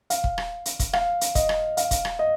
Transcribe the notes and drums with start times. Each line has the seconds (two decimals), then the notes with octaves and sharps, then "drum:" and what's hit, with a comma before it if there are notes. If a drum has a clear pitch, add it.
0.10 F5, drum: hi-hat
0.24 drum: kick
0.38 drum: rim click
0.66 drum: hi-hat
0.79 drum: kick, hi-hat
0.93 F5, drum: rim click
1.21 drum: hi-hat
1.35 D#5, drum: kick, hi-hat
1.49 drum: rim click
1.77 F5, drum: hi-hat
1.91 drum: kick, hi-hat
2.05 drum: rim click
2.19 D#5